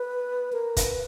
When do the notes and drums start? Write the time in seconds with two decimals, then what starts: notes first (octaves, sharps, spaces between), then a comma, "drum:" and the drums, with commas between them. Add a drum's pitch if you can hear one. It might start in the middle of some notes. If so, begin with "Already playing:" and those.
Already playing: B4
0.53 A#4
0.77 B4, drum: kick, hi-hat